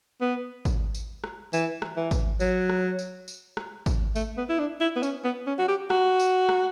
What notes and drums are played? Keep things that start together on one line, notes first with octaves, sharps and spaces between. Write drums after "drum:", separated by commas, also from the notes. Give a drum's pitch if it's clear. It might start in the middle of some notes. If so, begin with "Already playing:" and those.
B3
drum: kick G#1, tambourine
drum: tambourine
drum: rim click
E3, drum: tambourine
drum: rim click
E3
drum: kick G#1, tambourine
F#3, drum: tambourine
drum: rim click
drum: tambourine
drum: tambourine
drum: rim click
drum: kick G#1, tambourine
A3, drum: tambourine
B3
E4
D4
E4
B3
C#4, drum: tambourine
B3
C#4
F#4
G4
F#4, drum: rim click
drum: tambourine
drum: rim click